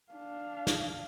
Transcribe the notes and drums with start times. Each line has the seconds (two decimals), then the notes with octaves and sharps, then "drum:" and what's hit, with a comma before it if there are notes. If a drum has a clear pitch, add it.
0.13 D4 F5
0.67 drum: snare